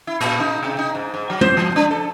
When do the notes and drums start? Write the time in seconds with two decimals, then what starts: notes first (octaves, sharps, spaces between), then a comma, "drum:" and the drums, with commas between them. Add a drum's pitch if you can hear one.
0.07 E4
0.21 A#2, drum: cymbal
0.40 D#4
0.63 C3
0.78 D#4
0.95 G#2
1.14 G#2
1.30 F#3
1.41 C5, drum: tom
1.57 F3
1.76 D4
1.91 A4